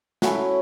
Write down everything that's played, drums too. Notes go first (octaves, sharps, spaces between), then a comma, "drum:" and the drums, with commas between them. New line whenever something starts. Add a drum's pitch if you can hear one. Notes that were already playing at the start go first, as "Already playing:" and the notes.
F#3 A3 C#4 E4 F#5, drum: snare